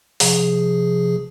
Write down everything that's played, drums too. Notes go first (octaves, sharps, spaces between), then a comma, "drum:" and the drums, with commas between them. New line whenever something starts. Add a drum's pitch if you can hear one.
C3 F3 G#4, drum: open hi-hat